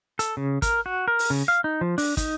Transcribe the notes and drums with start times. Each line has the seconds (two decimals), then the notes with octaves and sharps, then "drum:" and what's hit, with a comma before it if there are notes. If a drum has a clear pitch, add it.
0.19 A4, drum: hi-hat
0.37 C#3
0.62 A#4, drum: kick, hi-hat
0.86 F#4
1.08 A#4
1.19 drum: open hi-hat
1.30 C#3
1.48 F5
1.64 D#4
1.81 F3
1.98 D4, drum: open hi-hat
2.17 D#4, drum: kick, hi-hat